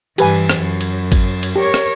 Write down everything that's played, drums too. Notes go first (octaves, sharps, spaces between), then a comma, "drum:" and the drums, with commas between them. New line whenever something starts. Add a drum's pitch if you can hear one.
G2 E3 G4 B4 G#5, drum: cymbal
drum: rim click
F#2
drum: cymbal
drum: kick G#1, cymbal
drum: cymbal
G4 A#4 C#5
drum: rim click